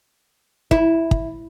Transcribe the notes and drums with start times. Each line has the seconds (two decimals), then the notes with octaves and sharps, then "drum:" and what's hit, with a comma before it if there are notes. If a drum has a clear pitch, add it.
0.71 E4, drum: kick
1.11 drum: kick